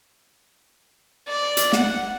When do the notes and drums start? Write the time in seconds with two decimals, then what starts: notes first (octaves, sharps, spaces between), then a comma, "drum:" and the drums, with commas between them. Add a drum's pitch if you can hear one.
1.27 D5
1.57 drum: hi-hat
1.73 F#5, drum: snare